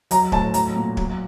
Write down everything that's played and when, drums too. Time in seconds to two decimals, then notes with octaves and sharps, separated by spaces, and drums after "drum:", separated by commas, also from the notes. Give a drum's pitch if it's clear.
0.11 F#3 A#5, drum: hi-hat
0.32 A2 A5, drum: kick
0.54 F#3 A#5, drum: hi-hat
0.76 A#2
0.97 F#3, drum: kick